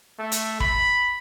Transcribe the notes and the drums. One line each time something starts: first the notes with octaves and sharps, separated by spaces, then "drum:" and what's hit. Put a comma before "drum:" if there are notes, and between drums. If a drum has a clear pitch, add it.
A3
drum: hi-hat
B5, drum: kick